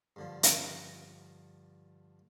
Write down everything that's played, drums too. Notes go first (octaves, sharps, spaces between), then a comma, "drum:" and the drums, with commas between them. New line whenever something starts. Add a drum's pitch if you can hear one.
G2 D3 F3
drum: hi-hat